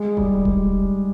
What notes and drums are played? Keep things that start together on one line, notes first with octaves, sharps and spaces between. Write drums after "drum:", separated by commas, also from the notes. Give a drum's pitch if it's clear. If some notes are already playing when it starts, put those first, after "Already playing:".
Already playing: G#3
G3, drum: kick D#1
drum: kick D#1